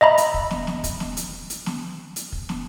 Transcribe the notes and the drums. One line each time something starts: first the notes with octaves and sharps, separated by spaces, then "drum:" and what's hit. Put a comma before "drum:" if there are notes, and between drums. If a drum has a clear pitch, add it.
D#5 E5 A#5 B5
drum: hi-hat
drum: kick
drum: snare
drum: snare
drum: kick, hi-hat
drum: snare
drum: hi-hat
drum: hi-hat
drum: snare
drum: hi-hat
drum: kick
drum: snare